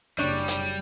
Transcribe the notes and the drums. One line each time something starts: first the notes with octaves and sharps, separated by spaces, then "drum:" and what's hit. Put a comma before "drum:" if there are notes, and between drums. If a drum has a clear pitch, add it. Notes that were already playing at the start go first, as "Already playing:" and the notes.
F#1 G3 D4 C#5 D5
drum: hi-hat